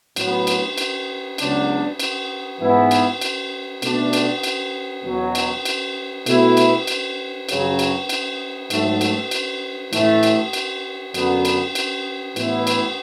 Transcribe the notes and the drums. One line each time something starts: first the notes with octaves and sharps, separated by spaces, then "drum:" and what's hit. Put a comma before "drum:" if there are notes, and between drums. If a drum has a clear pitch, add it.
A2 F#3 B3, drum: cymbal
drum: cymbal
drum: cymbal
C#2 C#3 F#3 B3 D4, drum: cymbal
drum: cymbal
G#2 E3 B3 E4
drum: cymbal
drum: cymbal
B2 A3 D4, drum: cymbal
drum: cymbal
drum: cymbal
E2 B2 F#3
drum: cymbal
drum: cymbal
B2 A3 E4, drum: cymbal
drum: cymbal
drum: cymbal
F#2 C#3 F#3, drum: cymbal
drum: cymbal
drum: cymbal
G#2 F#3 A3, drum: cymbal
drum: cymbal
drum: cymbal
A2 E3 A3, drum: cymbal
drum: cymbal
drum: cymbal
F#2 D3 F#3 B3, drum: cymbal
drum: cymbal
drum: cymbal
A2 E3 B3 E4, drum: cymbal
drum: cymbal